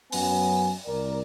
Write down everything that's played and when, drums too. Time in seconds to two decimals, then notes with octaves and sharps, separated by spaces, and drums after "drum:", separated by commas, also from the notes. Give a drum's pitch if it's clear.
0.12 F#2 F#3 B3 C#4 G#5, drum: open hi-hat
0.85 C2 A#4 D5